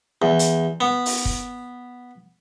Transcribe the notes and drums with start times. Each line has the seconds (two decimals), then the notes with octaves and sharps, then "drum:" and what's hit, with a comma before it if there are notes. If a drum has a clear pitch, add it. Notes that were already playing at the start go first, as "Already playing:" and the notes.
0.22 E2
0.39 drum: hi-hat
0.81 B3
1.06 drum: open hi-hat
1.25 drum: kick